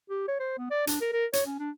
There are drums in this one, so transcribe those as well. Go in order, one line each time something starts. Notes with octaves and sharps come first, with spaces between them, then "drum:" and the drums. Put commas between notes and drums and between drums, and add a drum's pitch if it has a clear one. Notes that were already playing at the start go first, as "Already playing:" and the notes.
G4
C#5
C5
B3
D5
D4, drum: hi-hat
A#4
A#4
C#5, drum: hi-hat
C#4
D4